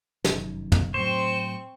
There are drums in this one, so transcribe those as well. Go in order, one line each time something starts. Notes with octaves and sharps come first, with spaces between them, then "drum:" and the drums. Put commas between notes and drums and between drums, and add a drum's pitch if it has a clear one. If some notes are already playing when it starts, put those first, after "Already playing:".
F1 F#2 D#3, drum: snare
drum: tom
A2 F#3 C4 C5 C#6